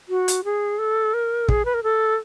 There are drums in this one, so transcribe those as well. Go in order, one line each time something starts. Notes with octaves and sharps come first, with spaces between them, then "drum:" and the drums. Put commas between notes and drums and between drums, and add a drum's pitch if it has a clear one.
F#4
drum: hi-hat
G#4
A4
A#4
G#4, drum: kick
B4
A#4
A4